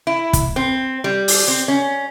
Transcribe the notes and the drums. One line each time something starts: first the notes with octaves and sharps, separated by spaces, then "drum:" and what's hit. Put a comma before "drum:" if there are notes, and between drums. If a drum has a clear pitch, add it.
E4
drum: kick, hi-hat
C4
G3
drum: open hi-hat
C4
C#4